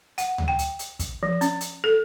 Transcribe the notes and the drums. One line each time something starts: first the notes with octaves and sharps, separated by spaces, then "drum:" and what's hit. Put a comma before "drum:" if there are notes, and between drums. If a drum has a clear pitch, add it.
F#5, drum: hi-hat
drum: tom D2
G5
drum: hi-hat
drum: hi-hat
drum: kick, hi-hat
F3
C#4, drum: hi-hat
drum: hi-hat
A4